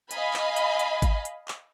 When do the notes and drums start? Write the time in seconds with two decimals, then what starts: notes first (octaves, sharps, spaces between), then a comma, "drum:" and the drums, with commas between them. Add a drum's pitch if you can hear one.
0.11 D#5 F5 G#5 B5, drum: hi-hat
0.34 drum: clap
0.57 drum: hi-hat
0.79 drum: hi-hat
1.02 drum: kick G#1, hi-hat
1.25 drum: hi-hat
1.48 drum: clap